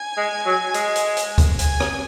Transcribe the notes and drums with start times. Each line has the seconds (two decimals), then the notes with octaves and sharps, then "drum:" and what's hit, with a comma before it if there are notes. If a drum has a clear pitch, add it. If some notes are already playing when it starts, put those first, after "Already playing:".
Already playing: G#5
0.17 G#3
0.45 F#3
0.74 G#3, drum: hi-hat
0.96 drum: hi-hat
1.17 drum: hi-hat
1.38 drum: kick, hi-hat
1.59 G#5, drum: hi-hat
1.80 drum: rim click